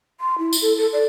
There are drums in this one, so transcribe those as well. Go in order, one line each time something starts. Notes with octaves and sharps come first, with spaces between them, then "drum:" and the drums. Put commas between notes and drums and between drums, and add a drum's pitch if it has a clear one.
C6
E4
drum: tambourine
A4
A4
D5